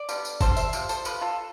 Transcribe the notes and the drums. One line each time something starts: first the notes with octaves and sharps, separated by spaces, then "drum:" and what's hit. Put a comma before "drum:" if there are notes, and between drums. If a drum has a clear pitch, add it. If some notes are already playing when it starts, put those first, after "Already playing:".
Already playing: D5
D3 G3 B3, drum: tambourine
drum: tambourine
D3 G3 B3 A4 C5, drum: kick G1, tambourine
C5 E5, drum: tambourine
C3 F3, drum: tambourine
A4 C5, drum: tambourine
C3 F3 B4, drum: tambourine
F4 A4